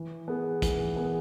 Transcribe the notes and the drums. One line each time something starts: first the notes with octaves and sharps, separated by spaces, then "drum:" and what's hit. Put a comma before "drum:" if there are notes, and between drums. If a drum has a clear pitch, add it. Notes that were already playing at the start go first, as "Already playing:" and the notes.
Already playing: E3
B3 G#4
E3, drum: kick, hi-hat
B3 G#4